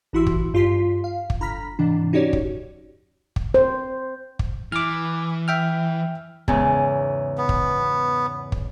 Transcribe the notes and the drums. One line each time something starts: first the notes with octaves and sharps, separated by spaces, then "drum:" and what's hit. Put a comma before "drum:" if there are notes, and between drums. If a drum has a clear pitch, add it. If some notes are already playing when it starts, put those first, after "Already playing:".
A1 E3 E4 F#4 C6 E6
drum: kick
G2 F4 G4 C6 B6 C7
F5
drum: kick
G1 A#5 B5 F6 B6
G#2 C3 E3 D4
C#4 D#4 F#4 G4 C#5 D5
drum: kick
drum: kick
C5
drum: kick
E3 D6 F6
E5 G5 F6
E2 G#2 C#3, drum: kick
B3
drum: kick
drum: kick